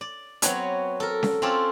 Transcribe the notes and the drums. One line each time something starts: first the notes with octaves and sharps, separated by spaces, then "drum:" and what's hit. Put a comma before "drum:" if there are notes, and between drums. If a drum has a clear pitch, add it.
D5
F#3 B3 C4 F#4 B4 C#5, drum: hi-hat
A4 A#4
drum: snare C#4
C4 C#4 F4 A4 D5